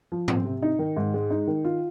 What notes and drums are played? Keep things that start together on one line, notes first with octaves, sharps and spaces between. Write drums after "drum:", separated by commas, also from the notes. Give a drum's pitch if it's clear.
F3
C4, drum: tom G#2
C3
D#4
D#3
G#2
G#3
D#4
D#3
F4